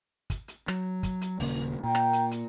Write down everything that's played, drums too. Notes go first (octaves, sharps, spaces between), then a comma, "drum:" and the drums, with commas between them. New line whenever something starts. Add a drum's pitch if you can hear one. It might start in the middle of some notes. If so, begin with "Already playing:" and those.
drum: kick, hi-hat
drum: hi-hat
F#3, drum: rim click
drum: kick, hi-hat
drum: hi-hat
D#1 C#3 A#3, drum: open hi-hat
A#2 G5 A#5
drum: rim click
drum: hi-hat
drum: hi-hat